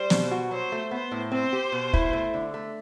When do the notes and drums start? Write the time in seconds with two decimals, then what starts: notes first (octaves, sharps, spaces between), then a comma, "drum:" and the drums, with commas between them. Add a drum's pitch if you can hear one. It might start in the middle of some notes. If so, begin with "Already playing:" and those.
Already playing: G3 C5
0.10 B2, drum: snare
0.31 F#4
0.51 F#3 C5
0.72 A3
0.91 B3 C5
1.12 A2
1.32 C4 C5
1.53 G4
1.72 B2
1.93 E4, drum: kick
2.13 A3
2.34 D3
2.54 A3